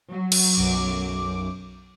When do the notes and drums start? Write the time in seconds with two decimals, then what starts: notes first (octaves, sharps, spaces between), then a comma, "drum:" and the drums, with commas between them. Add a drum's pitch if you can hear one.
0.11 F#3
0.32 drum: cymbal
0.55 B1 F#2 D6